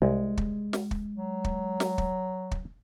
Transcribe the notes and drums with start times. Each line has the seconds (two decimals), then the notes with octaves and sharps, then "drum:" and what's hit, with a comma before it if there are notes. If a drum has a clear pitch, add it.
0.02 C2 G#3
0.37 drum: kick
0.73 drum: snare
0.91 drum: kick
1.15 F#3
1.44 drum: kick
1.80 drum: snare
1.98 drum: kick
2.51 drum: kick